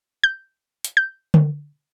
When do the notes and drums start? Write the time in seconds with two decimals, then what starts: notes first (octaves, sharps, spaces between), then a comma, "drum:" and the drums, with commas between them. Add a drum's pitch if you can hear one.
0.24 G6
0.84 drum: hi-hat
0.97 G6
1.34 drum: tom D3